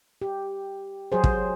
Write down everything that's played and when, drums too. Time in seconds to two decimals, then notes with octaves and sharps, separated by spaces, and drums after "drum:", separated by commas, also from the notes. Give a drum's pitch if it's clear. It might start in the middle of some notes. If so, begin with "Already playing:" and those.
0.22 G4
1.12 F#3 F#4 G#4 C5
1.24 drum: kick